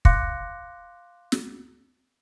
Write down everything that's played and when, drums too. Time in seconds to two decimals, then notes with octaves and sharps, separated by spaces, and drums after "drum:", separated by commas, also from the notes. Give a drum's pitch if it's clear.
0.05 F5 C6 D6 F#6 A#6 C#7, drum: kick
1.32 drum: snare